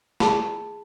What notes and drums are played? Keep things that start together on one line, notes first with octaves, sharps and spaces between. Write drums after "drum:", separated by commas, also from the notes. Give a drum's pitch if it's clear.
G#4 A5 B5, drum: snare